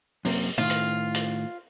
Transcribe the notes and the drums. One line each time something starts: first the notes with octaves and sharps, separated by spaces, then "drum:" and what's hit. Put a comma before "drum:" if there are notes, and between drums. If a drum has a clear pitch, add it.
F#2 C3 A#3, drum: open hi-hat
A2 D#3 F4
drum: hi-hat
drum: hi-hat